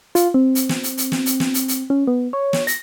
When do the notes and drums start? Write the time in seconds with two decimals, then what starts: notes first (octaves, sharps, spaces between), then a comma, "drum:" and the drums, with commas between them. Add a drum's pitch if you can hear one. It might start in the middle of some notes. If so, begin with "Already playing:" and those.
0.15 F4, drum: hi-hat
0.34 C4
0.55 drum: hi-hat
0.69 drum: snare
0.83 drum: hi-hat
0.98 drum: hi-hat
1.12 drum: snare
1.26 drum: hi-hat
1.40 drum: snare
1.54 drum: hi-hat
1.68 drum: hi-hat
1.90 C#4
2.07 B3
2.33 C#5
2.53 drum: snare
2.67 A#6, drum: hi-hat